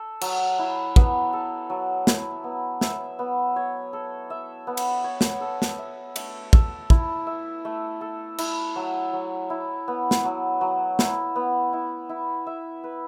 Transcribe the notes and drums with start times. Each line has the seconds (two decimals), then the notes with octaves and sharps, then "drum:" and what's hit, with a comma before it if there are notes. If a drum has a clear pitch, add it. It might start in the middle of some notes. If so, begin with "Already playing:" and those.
Already playing: A4
0.21 F#3, drum: cymbal
0.59 E4
0.96 B3, drum: kick
1.33 A4
1.70 F#3
2.07 E4, drum: snare
2.44 B3
2.81 E5, drum: snare
3.19 B3
3.56 C#5
3.93 A4
4.30 E5
4.67 B3
4.77 drum: cymbal
5.04 C#5
5.21 drum: snare
5.41 A4
5.62 drum: snare
5.78 E5
6.16 A3, drum: cymbal
6.53 A4, drum: kick
6.90 E4, drum: kick
7.27 E5
7.65 A3
8.01 A4
8.38 E4, drum: cymbal
8.76 F#3
9.13 F#3
9.50 E4
9.88 B3
10.11 drum: snare
10.24 F#3
10.61 F#3
10.99 E4, drum: snare
11.36 B3
11.73 E4
12.09 E4
12.46 E5
12.84 B4